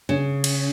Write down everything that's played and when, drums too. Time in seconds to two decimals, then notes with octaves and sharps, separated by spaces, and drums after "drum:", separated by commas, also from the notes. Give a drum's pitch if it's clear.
0.09 C#3
0.44 drum: cymbal